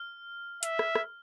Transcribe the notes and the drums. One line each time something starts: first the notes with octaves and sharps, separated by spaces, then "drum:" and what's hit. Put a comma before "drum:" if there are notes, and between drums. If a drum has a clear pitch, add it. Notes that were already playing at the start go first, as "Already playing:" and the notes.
Already playing: F6
E5, drum: hi-hat
drum: rim click
drum: rim click